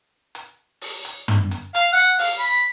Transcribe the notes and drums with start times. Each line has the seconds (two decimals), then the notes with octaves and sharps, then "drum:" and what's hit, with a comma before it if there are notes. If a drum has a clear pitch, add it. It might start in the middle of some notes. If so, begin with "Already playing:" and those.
0.35 drum: hi-hat
0.81 drum: open hi-hat
1.05 drum: hi-hat
1.28 drum: tom
1.51 drum: hi-hat
1.75 F5, drum: hi-hat
1.93 F#5
2.19 F5, drum: open hi-hat
2.39 B5